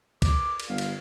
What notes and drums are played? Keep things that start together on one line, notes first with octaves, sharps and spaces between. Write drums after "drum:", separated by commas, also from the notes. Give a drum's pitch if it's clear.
D6, drum: kick, cymbal
drum: cymbal
G1 F5
drum: cymbal